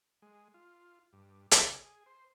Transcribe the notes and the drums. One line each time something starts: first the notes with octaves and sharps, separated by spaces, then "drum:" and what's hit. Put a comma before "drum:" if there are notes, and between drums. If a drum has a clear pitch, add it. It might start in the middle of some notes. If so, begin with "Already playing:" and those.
G#3
F4
G2
D5, drum: hi-hat
G#4
C5